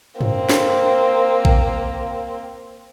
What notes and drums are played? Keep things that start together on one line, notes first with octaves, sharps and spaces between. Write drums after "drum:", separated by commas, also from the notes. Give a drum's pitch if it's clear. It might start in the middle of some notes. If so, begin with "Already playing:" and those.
A#3 C4, drum: tom
drum: snare
drum: kick A#1